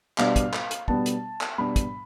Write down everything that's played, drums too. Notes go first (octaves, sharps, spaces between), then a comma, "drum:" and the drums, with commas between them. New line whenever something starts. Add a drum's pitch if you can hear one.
B2 G3 B3 D4 F5, drum: clap
drum: kick, hi-hat
drum: clap
drum: hi-hat
B2 G3 B3 D4 A5, drum: kick
drum: hi-hat
drum: clap
B2 G3 B3 D4 B5
drum: kick, hi-hat